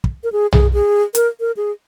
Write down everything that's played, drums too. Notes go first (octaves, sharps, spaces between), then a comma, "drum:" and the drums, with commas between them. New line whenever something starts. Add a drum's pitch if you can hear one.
drum: kick
A#4
G#4
G#4, drum: tom B1
G#4
A#4, drum: hi-hat
A#4
G#4